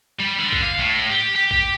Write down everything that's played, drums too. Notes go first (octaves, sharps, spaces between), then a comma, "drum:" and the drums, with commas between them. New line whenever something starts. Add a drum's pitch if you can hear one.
G3
D3
drum: kick
F5
A2
G4
G4
G4, drum: kick